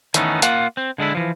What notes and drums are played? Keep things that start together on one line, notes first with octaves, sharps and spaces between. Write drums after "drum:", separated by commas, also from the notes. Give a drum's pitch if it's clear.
D#3 E3 A3 B3 C#4 D#4, drum: hi-hat
A#3 F4 F#5, drum: hi-hat
C4
D3 G#3 D4 E4
E3 F3